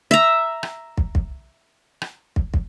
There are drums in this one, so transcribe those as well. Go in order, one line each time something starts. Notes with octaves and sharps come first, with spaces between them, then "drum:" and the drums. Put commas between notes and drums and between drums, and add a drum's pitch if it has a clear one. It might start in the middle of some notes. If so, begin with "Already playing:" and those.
E5 A#5
drum: rim click
drum: kick
drum: kick
drum: rim click
drum: kick
drum: kick